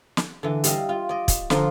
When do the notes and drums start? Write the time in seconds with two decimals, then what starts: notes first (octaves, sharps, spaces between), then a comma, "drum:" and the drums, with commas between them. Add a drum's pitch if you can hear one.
0.17 drum: snare
0.43 D3 E3
0.64 G3 E4 D#5 F5, drum: hi-hat
0.89 F4
1.09 D5 D#5
1.28 drum: kick, hi-hat
1.50 D3 F3 F4 A#5 C6, drum: snare